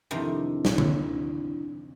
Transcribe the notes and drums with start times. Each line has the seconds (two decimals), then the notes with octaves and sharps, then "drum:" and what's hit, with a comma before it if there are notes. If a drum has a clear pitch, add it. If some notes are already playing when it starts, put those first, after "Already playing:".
0.11 F2 C3 D#3 D4 E4
0.65 drum: snare
0.78 drum: tom D3